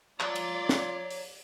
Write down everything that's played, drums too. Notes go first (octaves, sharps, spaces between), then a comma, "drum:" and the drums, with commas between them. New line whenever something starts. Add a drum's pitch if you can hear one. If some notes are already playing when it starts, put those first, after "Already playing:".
F4 C#5 D5 A#5, drum: clap
drum: cymbal
drum: snare
drum: open hi-hat